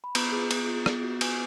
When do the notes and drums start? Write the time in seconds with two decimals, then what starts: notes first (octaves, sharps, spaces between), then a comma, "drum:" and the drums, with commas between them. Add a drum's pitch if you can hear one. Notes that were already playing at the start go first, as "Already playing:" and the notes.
0.04 B5
0.15 B3 A#5, drum: cymbal
0.32 F4 G#4
0.51 B3, drum: cymbal
0.68 F4 G#4
0.86 B3, drum: rim click
1.03 F#4
1.21 B3 G#5, drum: cymbal